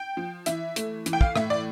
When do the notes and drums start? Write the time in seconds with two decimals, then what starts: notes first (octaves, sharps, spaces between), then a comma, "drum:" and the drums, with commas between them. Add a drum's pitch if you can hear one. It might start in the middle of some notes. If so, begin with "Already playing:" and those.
Already playing: G5
0.17 F3
0.46 E3 E5, drum: hi-hat
0.76 A3, drum: hi-hat
1.06 E3, drum: hi-hat
1.13 G5
1.21 F5, drum: kick
1.36 A2 E5, drum: rim click
1.50 D5